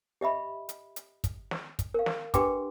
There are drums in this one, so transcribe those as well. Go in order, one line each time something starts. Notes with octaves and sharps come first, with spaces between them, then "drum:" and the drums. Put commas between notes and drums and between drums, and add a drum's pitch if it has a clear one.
G4 D#5 E5 B5
drum: hi-hat
drum: hi-hat
drum: kick, hi-hat
drum: snare
drum: kick, hi-hat
A#4 F5
drum: snare
D4 G4 B4 G5 C6 D6, drum: kick, hi-hat